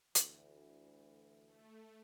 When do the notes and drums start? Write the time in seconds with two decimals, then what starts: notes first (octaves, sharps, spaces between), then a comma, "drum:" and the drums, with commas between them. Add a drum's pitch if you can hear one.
0.15 D2 E3, drum: hi-hat
1.47 A3